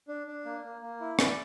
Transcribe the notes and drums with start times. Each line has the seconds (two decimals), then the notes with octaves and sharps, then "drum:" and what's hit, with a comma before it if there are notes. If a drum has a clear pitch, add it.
0.08 D4
0.27 D4
0.45 A#3
0.63 A#3
0.82 A#3
1.01 E4
1.19 D5, drum: rim click